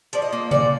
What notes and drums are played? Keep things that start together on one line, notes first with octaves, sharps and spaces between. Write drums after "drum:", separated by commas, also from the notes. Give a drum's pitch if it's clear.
F3 D5, drum: hi-hat
D#5
A#3
A#2 D5, drum: tom C3